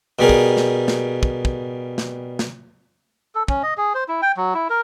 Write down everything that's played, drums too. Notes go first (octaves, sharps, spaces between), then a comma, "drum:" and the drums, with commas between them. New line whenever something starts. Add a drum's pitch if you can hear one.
B2 G3 G#4 A#4
drum: kick
drum: snare
drum: snare
drum: kick
drum: kick
drum: snare
drum: snare
A4
C#4, drum: kick
D#5
G#4
C5
E4
G5
F#3
E4
A#4